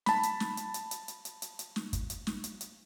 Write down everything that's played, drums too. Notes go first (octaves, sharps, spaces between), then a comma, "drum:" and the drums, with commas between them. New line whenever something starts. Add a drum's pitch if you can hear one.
A5 B5, drum: snare
drum: hi-hat
drum: snare
drum: hi-hat
drum: hi-hat
drum: hi-hat
drum: hi-hat
drum: hi-hat
drum: hi-hat
drum: hi-hat
drum: snare
drum: kick, hi-hat
drum: hi-hat
drum: snare
drum: hi-hat
drum: hi-hat